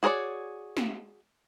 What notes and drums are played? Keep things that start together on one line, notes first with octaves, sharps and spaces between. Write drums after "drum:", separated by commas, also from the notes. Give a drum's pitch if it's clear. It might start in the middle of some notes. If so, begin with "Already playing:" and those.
F#4 G#4 A#4 C#5 D5
drum: snare